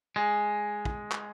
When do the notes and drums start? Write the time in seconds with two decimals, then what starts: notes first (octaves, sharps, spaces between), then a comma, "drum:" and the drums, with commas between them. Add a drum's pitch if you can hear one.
0.16 G#3
0.85 drum: kick
1.12 drum: clap